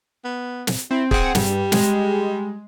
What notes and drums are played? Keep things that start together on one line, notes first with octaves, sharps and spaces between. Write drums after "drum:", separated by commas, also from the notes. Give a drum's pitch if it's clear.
B3
drum: snare
C4 E4
C4 G#4 F#5, drum: kick
G2 G3, drum: snare
G#3, drum: snare